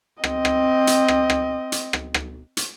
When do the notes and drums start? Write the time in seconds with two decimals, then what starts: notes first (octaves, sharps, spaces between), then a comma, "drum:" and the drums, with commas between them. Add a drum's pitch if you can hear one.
0.24 C4 D#5, drum: rim click
0.45 drum: rim click
0.87 drum: hi-hat
1.08 drum: rim click
1.30 drum: rim click
1.72 drum: hi-hat
1.93 drum: rim click
2.14 drum: rim click
2.57 drum: hi-hat